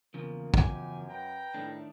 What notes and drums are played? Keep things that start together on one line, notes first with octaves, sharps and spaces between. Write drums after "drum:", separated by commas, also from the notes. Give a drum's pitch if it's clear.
E2 C#3 F3 A#3
F#2 G4 G#5, drum: kick
B4 G5 A#5
A2 D#3 A3 D4